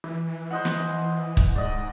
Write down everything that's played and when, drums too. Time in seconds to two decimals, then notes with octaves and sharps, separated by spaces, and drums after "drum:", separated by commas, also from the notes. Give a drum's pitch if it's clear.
0.04 E3
0.51 C5 D#5 F#5
0.65 drum: snare
1.37 drum: kick
1.56 G#2 D5 D#5